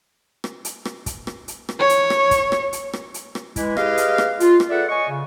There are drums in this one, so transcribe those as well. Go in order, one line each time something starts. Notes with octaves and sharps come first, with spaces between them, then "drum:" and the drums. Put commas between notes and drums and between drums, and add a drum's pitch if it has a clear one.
drum: rim click
drum: hi-hat
drum: rim click
drum: kick, hi-hat
drum: rim click
drum: hi-hat
drum: rim click
C#5
drum: hi-hat
drum: rim click
drum: kick, hi-hat
drum: rim click
drum: hi-hat
drum: rim click
drum: hi-hat
drum: rim click
E3 G#3 E4, drum: kick, hi-hat
G4 G#4 B4 D#5 F5, drum: rim click
drum: hi-hat
drum: rim click
F4, drum: hi-hat
drum: rim click
G#4 A4 B4 D5 E5 F#5
C#5 D#5 G#5 C#6
C#3